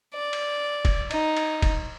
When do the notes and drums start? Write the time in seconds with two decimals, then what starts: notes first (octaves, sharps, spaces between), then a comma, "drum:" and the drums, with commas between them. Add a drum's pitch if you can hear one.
0.14 D5
0.33 drum: cymbal
0.85 drum: kick, cymbal
1.11 D#4, drum: cymbal
1.37 drum: cymbal
1.62 drum: kick, cymbal